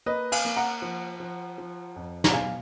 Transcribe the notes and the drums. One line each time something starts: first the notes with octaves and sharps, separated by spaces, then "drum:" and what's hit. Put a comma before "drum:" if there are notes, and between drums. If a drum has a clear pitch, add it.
A#3 B4 D#5
F5 G#5, drum: cymbal
A#3
F#5 A#5
F3
F3
F3
F2
A#5, drum: snare
B2 F5 G#5